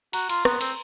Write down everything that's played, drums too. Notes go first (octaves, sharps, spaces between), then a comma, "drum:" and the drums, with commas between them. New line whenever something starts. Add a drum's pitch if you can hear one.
F#4 A#5, drum: cymbal
F4 C6, drum: cymbal
B3 A#5, drum: rim click
C4, drum: cymbal